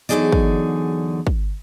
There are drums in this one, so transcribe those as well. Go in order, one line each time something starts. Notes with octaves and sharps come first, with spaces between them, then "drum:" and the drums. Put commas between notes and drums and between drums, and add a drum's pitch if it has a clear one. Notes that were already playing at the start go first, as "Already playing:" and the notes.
E2 D3 F#3 D#4 G#4 D5
drum: kick
drum: kick